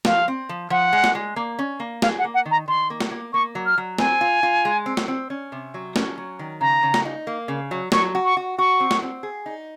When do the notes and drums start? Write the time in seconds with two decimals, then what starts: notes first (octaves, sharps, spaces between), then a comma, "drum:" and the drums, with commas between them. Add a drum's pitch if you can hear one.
0.05 F3 F5, drum: snare
0.28 C4
0.49 F3
0.70 F3 F#5
0.93 G#3
1.04 drum: snare
1.15 G#3
1.36 A#3
1.59 C#4
1.80 A#3
2.02 G#4 F5, drum: snare
2.19 F#5
2.24 A#3
2.34 F#5
2.46 D#3
2.51 A#5
2.68 D#3 C6
2.90 A#3
3.00 drum: snare
3.11 A#3
3.33 A#3 C#6
3.55 F#3
3.66 F6
3.78 F#3
3.99 C4 G#5, drum: snare
4.21 F4
4.43 F4
4.65 G#3
4.86 C4
4.97 drum: snare
5.08 C4
5.30 C#4
5.52 C3
5.74 F#3
5.96 C#4, drum: snare
6.18 F#3
6.39 D#3
6.61 C#3 A#5
6.83 C#3
6.94 drum: snare
7.05 D#4
7.27 A#3
7.48 C#3
7.71 F#3
7.92 F#3 C#6, drum: snare
8.15 F#4
8.25 C#6
8.37 F#4
8.58 F#4 C#6
8.80 C4
8.91 drum: snare
9.02 C4
9.23 G#4
9.46 D#4